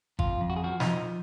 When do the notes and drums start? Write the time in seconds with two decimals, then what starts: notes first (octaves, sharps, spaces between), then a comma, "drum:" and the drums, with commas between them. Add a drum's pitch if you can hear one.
0.19 F2 F4, drum: kick G#1
0.41 F2
0.50 F#4
0.56 G#4
0.64 F3 F#4
0.80 D#4, drum: snare
0.86 F3